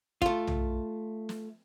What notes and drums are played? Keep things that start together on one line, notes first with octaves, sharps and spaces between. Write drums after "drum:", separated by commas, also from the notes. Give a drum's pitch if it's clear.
A3 F4, drum: kick
drum: tom B1
drum: snare